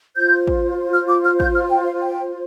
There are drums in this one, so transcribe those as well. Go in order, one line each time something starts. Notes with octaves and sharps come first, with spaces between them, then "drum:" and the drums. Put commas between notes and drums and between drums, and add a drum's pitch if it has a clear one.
F4 C5 G6
drum: kick
F6
D6
F6
G6, drum: kick
F6
G5
F5
G5